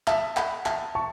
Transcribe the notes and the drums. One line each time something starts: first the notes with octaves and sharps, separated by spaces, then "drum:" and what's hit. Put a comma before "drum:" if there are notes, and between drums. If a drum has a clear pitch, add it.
E5 A5, drum: clap
F#5 B5, drum: clap
E5 A5, drum: clap
A5 C#6